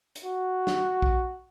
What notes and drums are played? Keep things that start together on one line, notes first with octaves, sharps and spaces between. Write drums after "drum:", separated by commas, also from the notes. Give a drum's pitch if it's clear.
drum: hi-hat
F#4
drum: snare
drum: kick